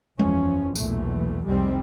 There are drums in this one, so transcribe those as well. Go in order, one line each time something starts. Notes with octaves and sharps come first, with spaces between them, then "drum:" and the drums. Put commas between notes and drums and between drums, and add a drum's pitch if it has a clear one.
F#1 E2 E3 F3 C#4, drum: tom G#3
B1 E2 A#2 E3 A3, drum: tambourine
F1 C2 D#3 G3 G#3 C4